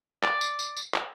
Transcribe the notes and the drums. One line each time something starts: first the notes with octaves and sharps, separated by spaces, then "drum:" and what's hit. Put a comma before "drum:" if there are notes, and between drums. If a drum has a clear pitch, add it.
D5, drum: clap
drum: tambourine
drum: tambourine
drum: tambourine
drum: clap